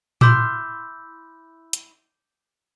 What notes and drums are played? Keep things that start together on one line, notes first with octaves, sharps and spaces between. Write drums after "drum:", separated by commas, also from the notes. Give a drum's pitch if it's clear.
E4 C6 D6 F6 G6, drum: tom A2
drum: hi-hat